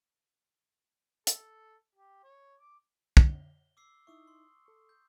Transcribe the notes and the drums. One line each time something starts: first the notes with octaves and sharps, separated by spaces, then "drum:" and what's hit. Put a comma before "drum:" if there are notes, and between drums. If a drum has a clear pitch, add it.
A4, drum: hi-hat
G4
C#5
D6
G7, drum: kick
D6 E6 C7
D#4 E4 E5 C#6 D#6 E6
C6
A4 C#6
G6